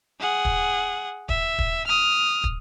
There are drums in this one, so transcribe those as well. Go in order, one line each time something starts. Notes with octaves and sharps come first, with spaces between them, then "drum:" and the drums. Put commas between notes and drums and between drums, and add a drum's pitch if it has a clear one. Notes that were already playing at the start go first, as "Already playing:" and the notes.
G#4 F#5
drum: kick
E5, drum: kick
drum: kick
D#6 F6
drum: kick